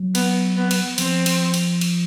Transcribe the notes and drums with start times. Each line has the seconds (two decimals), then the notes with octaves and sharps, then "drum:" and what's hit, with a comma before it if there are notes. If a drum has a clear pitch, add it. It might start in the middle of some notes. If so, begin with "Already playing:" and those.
Already playing: F#3
0.15 B3, drum: cymbal
0.57 B3
0.71 drum: cymbal
0.98 F3 C4, drum: cymbal
1.26 drum: cymbal
1.54 drum: cymbal
1.81 drum: cymbal